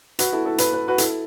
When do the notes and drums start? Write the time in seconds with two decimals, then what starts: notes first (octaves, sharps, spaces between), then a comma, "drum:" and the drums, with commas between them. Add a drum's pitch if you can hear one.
0.19 F#4 B4, drum: hi-hat
0.33 E4 A4
0.46 E4 A4
0.58 B4, drum: hi-hat
0.73 B4
0.88 F#4 B4
0.98 E4 A4, drum: hi-hat